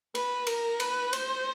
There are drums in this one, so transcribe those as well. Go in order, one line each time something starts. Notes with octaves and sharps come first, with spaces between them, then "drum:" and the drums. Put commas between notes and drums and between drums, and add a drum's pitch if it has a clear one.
B4, drum: cymbal
A#4, drum: cymbal
B4, drum: cymbal
C5, drum: cymbal